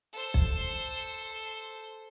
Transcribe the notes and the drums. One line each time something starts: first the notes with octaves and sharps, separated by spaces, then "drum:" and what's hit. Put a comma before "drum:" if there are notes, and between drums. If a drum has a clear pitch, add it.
A4 C5
drum: kick